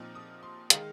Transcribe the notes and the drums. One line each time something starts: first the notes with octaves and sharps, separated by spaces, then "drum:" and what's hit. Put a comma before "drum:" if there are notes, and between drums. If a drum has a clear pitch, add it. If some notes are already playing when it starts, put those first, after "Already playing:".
Already playing: A#2 F3 C4 D#4 F6
D#6
C6
D#3 G#3 D#4 F5, drum: hi-hat